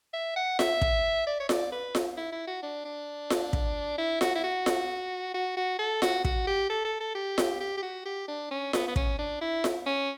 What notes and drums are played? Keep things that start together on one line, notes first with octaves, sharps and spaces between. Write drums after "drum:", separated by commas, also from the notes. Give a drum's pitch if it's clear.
E5
F#5
E5, drum: snare F4
drum: kick
D5
C#5
D5, drum: snare F4
B4
drum: snare F4
E4
E4
F#4
D4
D4
drum: snare F4
drum: kick
E4
F#4, drum: snare F4
E4
F#4
drum: snare F4
F#4
F#4
A4
F#4, drum: snare F4
F#4, drum: kick
G4
A4
A4
A4
G4
drum: snare F4
G4
G4
F#4
G4
D4
C#4
B3, drum: snare F4
B3
C#4, drum: kick
D4
E4
drum: snare F4
C#4